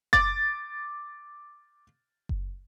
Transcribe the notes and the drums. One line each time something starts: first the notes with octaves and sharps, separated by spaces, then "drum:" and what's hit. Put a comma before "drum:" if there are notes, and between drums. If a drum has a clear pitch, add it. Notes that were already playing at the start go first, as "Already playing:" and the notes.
D6 A6, drum: kick F#1
drum: kick F#1